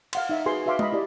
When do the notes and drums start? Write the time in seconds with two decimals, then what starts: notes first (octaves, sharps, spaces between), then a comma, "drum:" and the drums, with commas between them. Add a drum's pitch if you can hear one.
0.13 F5 F#5 C6, drum: cymbal
0.29 D#4 E5
0.46 F#4 G#4 B4 G#5 C6
0.66 F#4 B4 E5 F5 C6 D6
0.79 D#5 B5, drum: tom G#3
0.92 E4 G4 D5